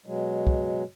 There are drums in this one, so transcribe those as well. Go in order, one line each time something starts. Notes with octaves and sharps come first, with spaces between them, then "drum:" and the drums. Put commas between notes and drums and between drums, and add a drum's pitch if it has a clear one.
B2 F#3 G#3
drum: kick